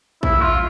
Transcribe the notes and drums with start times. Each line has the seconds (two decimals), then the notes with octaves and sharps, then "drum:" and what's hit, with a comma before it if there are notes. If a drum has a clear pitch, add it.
0.23 E4, drum: kick
0.41 F4